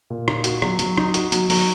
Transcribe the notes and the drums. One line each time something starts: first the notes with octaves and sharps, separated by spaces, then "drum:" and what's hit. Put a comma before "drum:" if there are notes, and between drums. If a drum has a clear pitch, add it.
A#2
D#4, drum: rim click
F#4, drum: hi-hat
F#3, drum: rim click
F#3, drum: hi-hat
D#4, drum: rim click
F#4, drum: hi-hat
F#3, drum: hi-hat
F#3, drum: open hi-hat